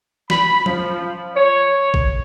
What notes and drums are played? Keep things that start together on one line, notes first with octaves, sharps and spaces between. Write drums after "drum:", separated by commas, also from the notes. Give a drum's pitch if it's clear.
B5, drum: snare
F3, drum: tom F3
C#5
drum: kick